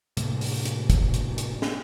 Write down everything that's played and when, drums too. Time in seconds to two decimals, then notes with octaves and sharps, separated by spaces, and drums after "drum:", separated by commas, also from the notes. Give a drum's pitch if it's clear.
0.17 A2 C3 G3 A#3, drum: hi-hat
0.41 drum: open hi-hat
0.65 drum: hi-hat
0.90 drum: kick, hi-hat
1.14 drum: hi-hat
1.38 drum: hi-hat
1.62 drum: snare